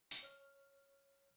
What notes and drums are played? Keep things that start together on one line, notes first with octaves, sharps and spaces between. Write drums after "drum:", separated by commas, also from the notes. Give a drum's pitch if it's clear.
drum: hi-hat
C#5 F6